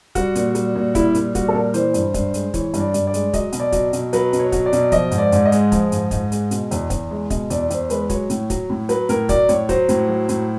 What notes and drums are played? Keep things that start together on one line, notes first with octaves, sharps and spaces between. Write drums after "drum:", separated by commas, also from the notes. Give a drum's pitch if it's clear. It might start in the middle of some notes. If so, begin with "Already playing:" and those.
G3 F#4, drum: kick, hi-hat
A#2, drum: hi-hat
G3, drum: hi-hat
A#2
G3 E4, drum: kick, hi-hat
A#2, drum: hi-hat
G3 F#4, drum: kick, hi-hat
A4
A#2 A#4
E3 C5, drum: hi-hat
G2, drum: hi-hat
G2, drum: kick, hi-hat
G#3, drum: hi-hat
E3 C#5, drum: kick, hi-hat
G2, drum: hi-hat
D5
G2, drum: hi-hat
D5
G#3, drum: hi-hat
F#3 D#5, drum: kick, hi-hat
B2, drum: hi-hat
D5
F#3, drum: kick, hi-hat
B2, drum: hi-hat
F#3 B4, drum: hi-hat
B2, drum: hi-hat
C#5
F#3, drum: kick, hi-hat
D5
B2, drum: hi-hat
F3 D#5, drum: kick, hi-hat
G#2, drum: hi-hat
D5
G#2, drum: hi-hat
D#5
G#3, drum: hi-hat
F3, drum: kick, hi-hat
G#2, drum: hi-hat
G#2, drum: kick, hi-hat
G#3, drum: hi-hat
B2, drum: hi-hat
E2, drum: hi-hat
E2, drum: kick, hi-hat
G#3
B2 D#5, drum: kick, hi-hat
E2 D5, drum: hi-hat
E2 C5, drum: hi-hat
G#3 B4, drum: hi-hat
F#3 C#5, drum: kick, hi-hat
A2, drum: hi-hat
F#3, drum: kick, hi-hat
A2
F#3 B4, drum: hi-hat
A2 A#4, drum: hi-hat
F#3 D5, drum: kick, hi-hat
A2 C#5, drum: hi-hat
F#3 C5, drum: kick, hi-hat
A2, drum: hi-hat
F#3
A2, drum: hi-hat